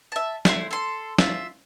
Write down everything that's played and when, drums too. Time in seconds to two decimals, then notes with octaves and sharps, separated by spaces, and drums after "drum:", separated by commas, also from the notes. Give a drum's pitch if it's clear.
0.12 E5 A5
0.45 A3 E4 F#5 C6, drum: snare
0.71 A4 C6
1.18 F4 E5, drum: snare